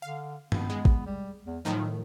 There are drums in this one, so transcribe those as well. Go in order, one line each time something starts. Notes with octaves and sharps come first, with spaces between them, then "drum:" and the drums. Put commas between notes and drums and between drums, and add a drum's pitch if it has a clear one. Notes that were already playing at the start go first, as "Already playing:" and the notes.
D3 F5
B3, drum: tom G2
G#3
drum: kick A1
G3
E2
A2 D#3 F3 F#3